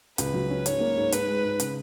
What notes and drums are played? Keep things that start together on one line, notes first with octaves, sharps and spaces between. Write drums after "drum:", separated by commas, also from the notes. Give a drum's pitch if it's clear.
C#2 B4, drum: hi-hat
F#3
C#4
G#2 C#5, drum: hi-hat
A#3
G#2
G#2 B4, drum: hi-hat
G#3
G#2
C#3, drum: hi-hat